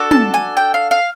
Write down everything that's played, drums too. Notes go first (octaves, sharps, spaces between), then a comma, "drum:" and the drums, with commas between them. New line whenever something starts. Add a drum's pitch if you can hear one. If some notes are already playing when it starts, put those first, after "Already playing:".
Already playing: D4 F#4 A4
A5, drum: tom
G#5
G5
F5
F5